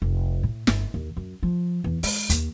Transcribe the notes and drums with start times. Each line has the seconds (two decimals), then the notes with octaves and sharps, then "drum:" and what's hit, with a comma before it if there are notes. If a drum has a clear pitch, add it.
0.02 F1
0.43 A2
0.67 G1, drum: snare
0.94 D#2
1.17 F#2
1.43 F3
1.84 E2
2.03 G#3, drum: open hi-hat
2.30 D#2, drum: hi-hat